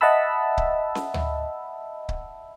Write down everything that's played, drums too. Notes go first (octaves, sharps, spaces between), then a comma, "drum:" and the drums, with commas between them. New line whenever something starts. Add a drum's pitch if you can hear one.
D#5 E5 F#5 A5 B5 E6
drum: kick C#1
drum: snare C#4
drum: tom D2
drum: kick C#1